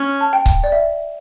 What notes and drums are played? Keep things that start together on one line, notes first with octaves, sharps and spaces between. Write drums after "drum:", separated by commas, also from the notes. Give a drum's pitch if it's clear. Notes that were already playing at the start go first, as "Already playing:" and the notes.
Already playing: C#4
A5
G5
drum: kick C#1
D5
E5